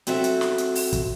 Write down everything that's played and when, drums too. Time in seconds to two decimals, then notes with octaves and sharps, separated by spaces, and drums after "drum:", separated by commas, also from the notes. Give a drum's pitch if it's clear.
0.07 F#3 C4 F#4 A4 E5, drum: hi-hat
0.24 drum: hi-hat
0.41 drum: snare
0.58 drum: hi-hat
0.75 drum: open hi-hat
0.93 drum: kick, hi-hat